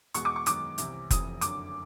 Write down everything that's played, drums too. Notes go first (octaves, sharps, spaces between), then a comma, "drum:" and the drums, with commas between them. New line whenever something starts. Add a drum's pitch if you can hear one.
E2 B2 G#3 B3 C#6, drum: hi-hat
D6
C#6
F#2 D#3 G#3 B3 D6, drum: hi-hat
C2 C3 E3, drum: hi-hat
F1 F2 C3 E3 D#6, drum: kick F1, hi-hat
F#1 F#2 D3 D6, drum: hi-hat